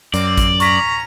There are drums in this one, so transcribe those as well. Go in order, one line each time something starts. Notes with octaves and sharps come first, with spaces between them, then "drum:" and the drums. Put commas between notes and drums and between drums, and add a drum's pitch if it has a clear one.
F#2 A#3 C4 D5, drum: hi-hat
drum: kick A1, hi-hat
C#4 A#5 C#6 B6, drum: hi-hat